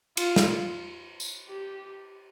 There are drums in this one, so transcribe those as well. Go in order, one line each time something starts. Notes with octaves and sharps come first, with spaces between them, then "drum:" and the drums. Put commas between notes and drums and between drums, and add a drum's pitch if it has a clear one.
F4, drum: cymbal
drum: snare
drum: tambourine
G4